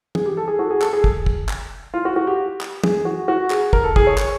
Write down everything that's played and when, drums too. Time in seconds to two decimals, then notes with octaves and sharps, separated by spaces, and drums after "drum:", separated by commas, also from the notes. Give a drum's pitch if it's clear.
0.15 G#4, drum: tom
0.26 G4
0.37 A4
0.48 G#4
0.59 F#4
0.65 A4
0.71 G#4
0.81 A4, drum: clap
0.93 G#4
1.04 drum: kick
1.26 drum: kick
1.49 drum: clap
1.94 F4
2.05 F#4
2.16 F#4
2.27 G4
2.61 drum: clap
2.84 G#4, drum: tom
3.05 F#4
3.28 F#4
3.50 G#4, drum: clap
3.73 A#4, drum: kick
3.84 A4
3.96 G#4, drum: kick
4.07 C#5
4.18 drum: clap